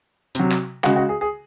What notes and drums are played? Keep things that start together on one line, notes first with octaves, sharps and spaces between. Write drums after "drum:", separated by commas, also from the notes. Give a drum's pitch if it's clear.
C3 F#3, drum: hi-hat
drum: clap
C#3 G#3 F#4, drum: clap
F#4
G#4
G#4